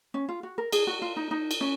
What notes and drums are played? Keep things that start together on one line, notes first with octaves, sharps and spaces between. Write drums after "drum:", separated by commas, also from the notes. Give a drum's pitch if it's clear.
C#4
F4
F#4
A#4
G#4, drum: cymbal
F#4
F4
D#4
D#4
drum: cymbal
C#4